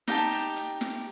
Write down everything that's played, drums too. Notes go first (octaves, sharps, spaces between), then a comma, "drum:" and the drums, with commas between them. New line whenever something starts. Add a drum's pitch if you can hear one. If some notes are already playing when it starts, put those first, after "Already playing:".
D#4 G4 G5 A5, drum: snare
drum: hi-hat
drum: hi-hat
drum: snare